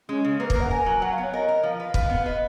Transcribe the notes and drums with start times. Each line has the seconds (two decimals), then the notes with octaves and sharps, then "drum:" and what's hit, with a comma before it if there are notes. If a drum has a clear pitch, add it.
0.09 G#3 C#4
0.24 C#3
0.40 A#3 B4
0.50 B4, drum: kick
0.55 A#4
0.61 F#5
0.71 A#4 G#5
0.86 F#3
1.02 F#3 F#5
1.12 F5
1.18 B3 C#5
1.33 A#4 D#5
1.48 A#4
1.63 F3 F5
1.80 B4 F5
1.94 B4, drum: kick
2.10 B3
2.26 B4 D#5